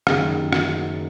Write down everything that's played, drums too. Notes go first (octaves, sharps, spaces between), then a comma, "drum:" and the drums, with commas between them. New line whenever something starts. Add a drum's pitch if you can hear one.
F#1 F#2 D#3 G#4, drum: rim click
G#4
F#4, drum: rim click